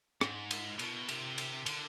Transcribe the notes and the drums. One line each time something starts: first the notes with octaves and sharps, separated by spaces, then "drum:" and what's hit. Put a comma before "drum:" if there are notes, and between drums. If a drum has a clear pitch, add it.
G#2, drum: rim click
drum: cymbal
B2, drum: cymbal
C3, drum: cymbal
drum: cymbal
D3, drum: cymbal